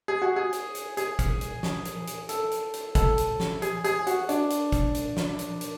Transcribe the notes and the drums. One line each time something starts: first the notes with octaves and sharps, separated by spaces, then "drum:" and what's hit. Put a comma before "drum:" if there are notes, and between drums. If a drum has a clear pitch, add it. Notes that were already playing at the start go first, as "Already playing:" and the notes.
G#4
F#4
G#4
drum: hi-hat
drum: hi-hat
G#4, drum: hi-hat
drum: kick, hi-hat
drum: hi-hat
drum: snare
drum: hi-hat
drum: hi-hat
A4, drum: hi-hat
drum: hi-hat
drum: hi-hat
A4, drum: kick, hi-hat
drum: hi-hat
drum: snare
G#4, drum: hi-hat
G#4, drum: hi-hat
F#4, drum: hi-hat
D4, drum: hi-hat
drum: hi-hat
drum: kick, hi-hat
drum: hi-hat
drum: snare
drum: hi-hat
drum: hi-hat